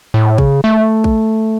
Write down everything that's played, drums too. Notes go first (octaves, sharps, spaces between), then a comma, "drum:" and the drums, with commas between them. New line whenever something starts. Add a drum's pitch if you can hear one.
A2
C#3, drum: kick
A3
drum: kick